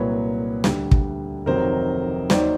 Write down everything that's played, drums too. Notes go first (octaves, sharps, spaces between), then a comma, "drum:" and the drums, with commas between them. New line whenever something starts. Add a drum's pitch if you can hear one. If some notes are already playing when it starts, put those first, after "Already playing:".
Already playing: C2 A#2 F#3 B4 C#5
D2 D3 G3, drum: snare
drum: kick
F1 F2 C3 D#3 F#3 A#4 C5
D#2 D#3 F#3 C5 D5, drum: snare